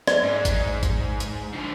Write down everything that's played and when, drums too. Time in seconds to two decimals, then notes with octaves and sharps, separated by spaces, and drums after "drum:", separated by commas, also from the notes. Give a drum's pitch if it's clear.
0.07 D5, drum: snare
0.23 G#2
0.45 drum: kick G#1, hi-hat
0.83 drum: kick G#1, hi-hat
1.20 drum: hi-hat
1.53 D3 F3